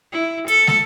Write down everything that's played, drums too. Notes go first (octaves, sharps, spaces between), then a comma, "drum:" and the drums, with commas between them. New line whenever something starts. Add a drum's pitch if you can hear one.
E4
A4, drum: hi-hat
drum: snare